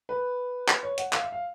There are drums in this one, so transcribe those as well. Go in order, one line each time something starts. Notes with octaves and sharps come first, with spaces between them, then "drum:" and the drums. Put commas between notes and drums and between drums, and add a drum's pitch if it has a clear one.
B4
drum: clap
C#5
F#5, drum: hi-hat
F5, drum: clap
E5
F5